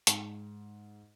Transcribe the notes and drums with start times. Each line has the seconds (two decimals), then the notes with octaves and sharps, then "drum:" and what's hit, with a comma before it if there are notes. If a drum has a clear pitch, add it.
0.07 G#2, drum: hi-hat